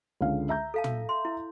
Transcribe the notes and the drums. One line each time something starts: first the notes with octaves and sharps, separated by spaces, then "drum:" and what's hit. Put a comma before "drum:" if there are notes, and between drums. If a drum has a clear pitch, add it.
C#2 D3 F5
E5 A#5 G6
A4 F5 A5
drum: tom
C6
E4